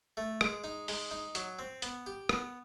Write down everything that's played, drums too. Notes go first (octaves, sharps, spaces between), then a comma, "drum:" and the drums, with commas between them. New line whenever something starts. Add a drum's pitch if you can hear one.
A3
G#3, drum: rim click
D#4
G#3, drum: open hi-hat
D#4
F#3, drum: hi-hat
C4
B3, drum: hi-hat
G4
B3, drum: rim click